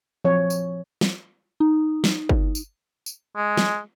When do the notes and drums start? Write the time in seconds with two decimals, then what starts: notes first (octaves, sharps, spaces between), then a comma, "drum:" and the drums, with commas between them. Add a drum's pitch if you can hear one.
0.25 F3 C4 C#5
0.50 drum: tambourine
1.01 drum: snare
1.60 D#4
2.04 drum: snare
2.29 drum: kick G1
2.55 drum: tambourine
3.06 drum: tambourine
3.36 G#3
3.57 drum: snare